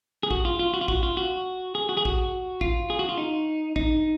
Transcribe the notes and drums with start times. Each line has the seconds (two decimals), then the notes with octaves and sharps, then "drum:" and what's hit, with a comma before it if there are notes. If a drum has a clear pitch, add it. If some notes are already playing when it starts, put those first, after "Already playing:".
0.23 G#4
0.31 F#4, drum: kick A#1
0.45 F4
0.59 F4
0.74 F#4
0.81 F4
0.88 F#4, drum: kick A#1
1.03 F4
1.17 F#4
1.75 G#4
1.89 F#4
1.97 G#4
2.05 F#4, drum: kick A#1
2.61 F4, drum: kick A#1
2.90 G#4
2.99 F#4
3.09 F4
3.18 D#4
3.76 D#4, drum: kick A#1